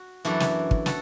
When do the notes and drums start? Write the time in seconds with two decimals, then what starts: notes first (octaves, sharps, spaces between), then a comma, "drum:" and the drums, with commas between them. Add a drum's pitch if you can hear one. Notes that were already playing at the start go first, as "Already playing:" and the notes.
Already playing: F#4
0.25 F#2 E3 D4 F#4 A4
0.40 drum: snare
0.71 drum: kick
0.86 F#4 A4, drum: snare